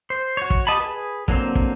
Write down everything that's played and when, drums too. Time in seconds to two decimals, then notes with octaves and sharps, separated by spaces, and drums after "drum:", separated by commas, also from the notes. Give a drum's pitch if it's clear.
0.10 C5
0.37 F#4 C#5
0.50 drum: kick
0.67 F#4 G4 D#5 A5 B5
0.80 G#4 B4
1.28 D3 F#3 A#3 C4, drum: kick
1.55 drum: kick